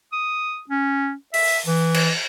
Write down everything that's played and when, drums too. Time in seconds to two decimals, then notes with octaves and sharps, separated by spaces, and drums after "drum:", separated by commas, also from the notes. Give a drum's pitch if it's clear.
0.13 D#6
0.69 C#4
1.34 E5, drum: open hi-hat
1.48 drum: open hi-hat
1.67 E3
1.94 drum: cymbal